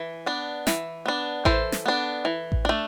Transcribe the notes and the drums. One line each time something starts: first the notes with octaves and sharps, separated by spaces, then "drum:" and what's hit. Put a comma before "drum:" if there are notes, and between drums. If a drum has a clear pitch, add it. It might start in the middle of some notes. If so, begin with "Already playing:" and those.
Already playing: E3
B3 D4
E3, drum: snare
B3 D4
E3 A4 C5, drum: kick A1
drum: snare
B3 D4
E3
drum: kick A1
A3 D4